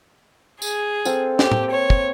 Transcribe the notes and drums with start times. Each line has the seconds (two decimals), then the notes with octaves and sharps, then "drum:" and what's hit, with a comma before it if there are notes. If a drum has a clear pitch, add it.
0.62 G#4, drum: tambourine
1.05 C4 A4 F5, drum: tambourine
1.39 A#3 G4, drum: snare
1.52 drum: tom
1.71 C#5
1.90 drum: kick